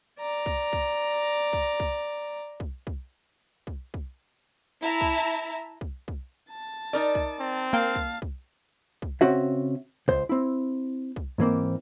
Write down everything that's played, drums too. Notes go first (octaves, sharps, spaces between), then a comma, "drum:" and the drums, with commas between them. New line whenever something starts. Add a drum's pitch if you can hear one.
D5 A#5
drum: kick
drum: kick
drum: kick
drum: kick
drum: kick
drum: kick
drum: kick
drum: kick
E4 E5 A5 A#5
drum: kick
drum: kick
drum: kick
A5
D#4 A#4 D5
drum: kick
C4
A#3 F5 G5 A5
drum: kick
drum: kick
drum: kick
C#3 C4 C#4 F#4 E5
C#2 C5, drum: kick
C4 E4
drum: kick
G#2 E3 A#3 C4